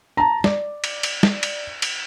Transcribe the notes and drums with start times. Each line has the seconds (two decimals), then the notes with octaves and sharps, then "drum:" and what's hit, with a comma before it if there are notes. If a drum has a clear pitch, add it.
0.17 A5 A#5
0.44 D5, drum: snare
0.84 drum: cymbal
1.03 drum: cymbal
1.23 drum: snare
1.43 drum: cymbal
1.82 drum: cymbal